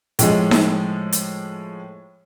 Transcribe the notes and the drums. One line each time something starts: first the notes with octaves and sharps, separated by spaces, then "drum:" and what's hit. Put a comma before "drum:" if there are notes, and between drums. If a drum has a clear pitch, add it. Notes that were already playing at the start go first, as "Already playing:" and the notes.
A2 F3 G#3, drum: hi-hat
drum: snare D#4
drum: hi-hat